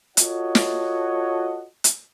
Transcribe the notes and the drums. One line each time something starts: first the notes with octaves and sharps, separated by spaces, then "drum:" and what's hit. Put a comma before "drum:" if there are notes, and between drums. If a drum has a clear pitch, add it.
F4 F#4 A4 C#5 D#5 F#5, drum: hi-hat
drum: snare
drum: hi-hat